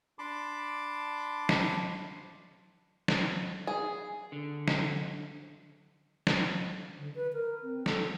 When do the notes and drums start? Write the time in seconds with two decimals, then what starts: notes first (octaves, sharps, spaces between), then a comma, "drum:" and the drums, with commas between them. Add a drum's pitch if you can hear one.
0.19 D4 A5 B5 C6 D6
1.49 drum: snare
3.08 drum: snare
3.67 G#4
4.32 D3
4.68 drum: snare
6.27 drum: snare
6.99 D3
7.15 B4
7.33 A#4
7.63 C4
7.86 A4, drum: snare